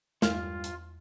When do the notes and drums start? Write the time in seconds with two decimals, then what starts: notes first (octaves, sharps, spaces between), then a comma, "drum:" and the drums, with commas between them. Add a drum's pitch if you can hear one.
0.22 E2 G2 F4 F5 F6, drum: snare
0.64 drum: hi-hat